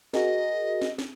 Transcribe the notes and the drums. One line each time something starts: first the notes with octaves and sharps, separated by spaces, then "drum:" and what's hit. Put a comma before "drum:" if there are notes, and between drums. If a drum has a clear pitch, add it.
F#4 G#4 A#4 D#5, drum: snare
drum: snare
drum: snare